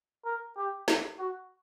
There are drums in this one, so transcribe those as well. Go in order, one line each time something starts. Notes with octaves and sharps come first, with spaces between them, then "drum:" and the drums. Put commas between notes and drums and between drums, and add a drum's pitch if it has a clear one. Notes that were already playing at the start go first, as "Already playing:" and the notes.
A#4
G4
drum: snare
F#4